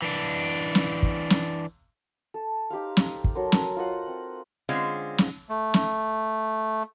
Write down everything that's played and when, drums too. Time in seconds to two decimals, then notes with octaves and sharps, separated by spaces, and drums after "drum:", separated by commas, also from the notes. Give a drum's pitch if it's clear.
0.02 E3 D4
0.75 drum: snare
1.03 drum: kick
1.30 drum: snare
2.34 A4
2.70 D#4 G4 C5 F5
2.97 drum: snare
3.24 drum: kick
3.35 F#3 A4 A#4 C6
3.52 drum: snare
3.76 F4 C5 D#5 F#5
4.07 C4
4.69 D3 G#3 C4 C#4 F4
5.18 drum: snare
5.49 A3
5.74 drum: snare